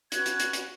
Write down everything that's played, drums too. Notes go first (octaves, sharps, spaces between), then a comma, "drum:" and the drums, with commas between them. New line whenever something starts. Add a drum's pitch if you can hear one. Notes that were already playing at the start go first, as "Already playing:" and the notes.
C#4 F#4 B4 F#6 G#6, drum: hi-hat
drum: hi-hat
drum: hi-hat
drum: hi-hat